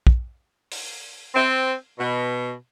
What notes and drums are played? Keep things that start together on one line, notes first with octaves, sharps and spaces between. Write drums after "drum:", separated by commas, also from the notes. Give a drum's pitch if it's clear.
drum: kick
drum: open hi-hat
C4
B2